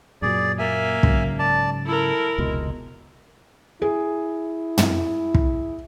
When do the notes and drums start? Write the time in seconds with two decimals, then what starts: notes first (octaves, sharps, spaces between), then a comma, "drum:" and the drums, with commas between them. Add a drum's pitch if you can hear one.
0.22 F#2 A#2 F#3 G#4 D5
0.59 A#3 E5 G#5
1.03 G#2 C#3 F#3, drum: kick
1.39 D5 A5
1.86 E4 A4 A#4
2.38 F1 C#2 B2 G#3
3.82 E4 G#4
4.78 drum: tom
5.34 drum: kick